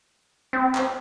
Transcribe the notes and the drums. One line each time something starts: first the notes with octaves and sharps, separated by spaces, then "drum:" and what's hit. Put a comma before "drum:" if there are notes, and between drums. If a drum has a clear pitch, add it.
C4
drum: clap